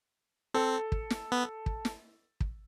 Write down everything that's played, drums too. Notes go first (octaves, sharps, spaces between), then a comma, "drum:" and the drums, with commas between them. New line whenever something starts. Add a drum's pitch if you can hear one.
C4 A4
drum: kick
drum: snare
B3
drum: kick
drum: snare
drum: kick